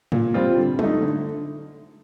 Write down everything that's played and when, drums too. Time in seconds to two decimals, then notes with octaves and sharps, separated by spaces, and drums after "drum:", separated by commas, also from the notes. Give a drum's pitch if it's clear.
0.12 A#2, drum: tom A2
0.34 G3 C4 F4
0.57 D3
0.79 A3, drum: tom F#3
0.84 D#4
1.02 D3